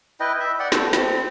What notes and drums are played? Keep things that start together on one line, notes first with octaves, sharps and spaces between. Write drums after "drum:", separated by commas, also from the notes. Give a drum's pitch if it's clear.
E4 B4 D#5 G5
E5
D5 F#5 G5
A3, drum: snare
C4, drum: snare